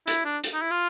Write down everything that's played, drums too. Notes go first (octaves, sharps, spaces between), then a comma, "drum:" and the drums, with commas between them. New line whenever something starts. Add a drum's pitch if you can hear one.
E4, drum: hi-hat
D4
drum: hi-hat
D#4
E4
F4